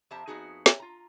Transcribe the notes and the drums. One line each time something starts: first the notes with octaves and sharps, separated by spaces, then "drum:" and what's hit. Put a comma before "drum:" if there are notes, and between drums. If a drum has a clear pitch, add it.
F2 G4 C5 E5 A5 A#5
F2 C3 B3 D#4 F#4 G#4
drum: snare
F4 A#5